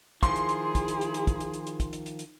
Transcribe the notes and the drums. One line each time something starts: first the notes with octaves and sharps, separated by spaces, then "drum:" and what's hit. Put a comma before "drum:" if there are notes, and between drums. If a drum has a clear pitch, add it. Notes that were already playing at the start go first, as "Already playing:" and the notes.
D#3 F3 E4 G#4 C6, drum: kick, hi-hat
drum: hi-hat
drum: hi-hat
drum: kick, hi-hat
drum: hi-hat
drum: hi-hat
drum: hi-hat
drum: kick, hi-hat
drum: hi-hat
drum: hi-hat
drum: hi-hat
drum: kick, hi-hat
drum: hi-hat
drum: hi-hat
drum: hi-hat